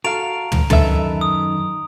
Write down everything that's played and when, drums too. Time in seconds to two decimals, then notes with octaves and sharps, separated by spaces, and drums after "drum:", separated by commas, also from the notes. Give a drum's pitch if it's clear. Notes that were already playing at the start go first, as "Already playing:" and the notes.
0.04 F#4 A4 F5 A#5 D7 F7
0.52 drum: tom
0.70 F#2 D#3 D#4 A4 B4 E5, drum: tom
1.21 D#6